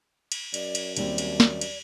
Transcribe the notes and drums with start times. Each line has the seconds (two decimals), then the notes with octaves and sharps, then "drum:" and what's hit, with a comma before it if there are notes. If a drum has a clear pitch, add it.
0.32 drum: cymbal
0.54 F#2 D5, drum: cymbal
0.75 drum: cymbal
0.97 D#2 G3 C4 D5, drum: cymbal
1.18 drum: cymbal
1.40 drum: snare
1.61 drum: cymbal